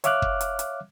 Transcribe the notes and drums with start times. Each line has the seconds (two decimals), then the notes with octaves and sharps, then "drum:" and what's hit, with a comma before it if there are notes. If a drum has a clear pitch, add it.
0.04 C#5 E5 F5 D6 F6 F#6, drum: hi-hat
0.22 drum: kick
0.41 drum: hi-hat
0.59 drum: hi-hat